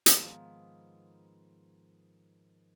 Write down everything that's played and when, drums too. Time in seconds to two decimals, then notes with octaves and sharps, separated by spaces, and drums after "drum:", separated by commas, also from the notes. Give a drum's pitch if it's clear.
0.06 G#2 D#3 F3 B3 D#4, drum: hi-hat